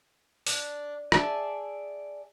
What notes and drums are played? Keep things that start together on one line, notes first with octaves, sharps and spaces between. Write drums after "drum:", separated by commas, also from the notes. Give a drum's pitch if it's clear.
D4, drum: open hi-hat
G#4 D5 E5 A5, drum: rim click